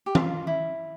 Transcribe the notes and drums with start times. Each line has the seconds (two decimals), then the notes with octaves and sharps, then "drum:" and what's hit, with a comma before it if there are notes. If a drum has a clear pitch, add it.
0.06 G4
0.15 F4, drum: tom E3
0.47 E4